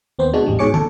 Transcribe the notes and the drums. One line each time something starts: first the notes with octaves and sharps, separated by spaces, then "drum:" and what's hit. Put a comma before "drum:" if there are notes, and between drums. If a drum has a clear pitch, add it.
D#2 B3 C4 C5
B2 G#3 D4 F#4
A1 E2 G3
G#2 B2 G#4 C#5 D6 C#7
A4, drum: tom